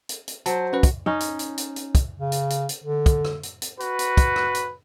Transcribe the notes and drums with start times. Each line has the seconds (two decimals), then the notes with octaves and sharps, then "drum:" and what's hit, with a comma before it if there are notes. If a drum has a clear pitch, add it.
0.09 drum: hi-hat
0.28 drum: hi-hat
0.46 F#3 C5 A5, drum: hi-hat
0.73 C#4 F#4 B4
0.83 drum: kick, hi-hat
1.06 C#4 D#4
1.20 drum: hi-hat
1.39 drum: hi-hat
1.58 drum: hi-hat
1.76 drum: hi-hat
1.95 drum: kick, hi-hat
2.20 C#3
2.32 drum: hi-hat
2.50 drum: hi-hat
2.69 drum: hi-hat
2.84 D3
3.06 drum: kick, hi-hat
3.25 drum: rim click
3.43 drum: hi-hat
3.62 drum: hi-hat
3.80 F#4 B4, drum: hi-hat
3.99 drum: hi-hat
4.17 drum: kick, hi-hat
4.36 drum: rim click
4.55 drum: hi-hat